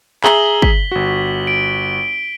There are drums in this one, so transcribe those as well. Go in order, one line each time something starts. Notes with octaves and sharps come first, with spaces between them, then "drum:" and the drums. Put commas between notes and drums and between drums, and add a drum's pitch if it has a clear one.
G#4 E5 A#5 F#7 G7, drum: clap
B6, drum: kick
G1 F#4
D7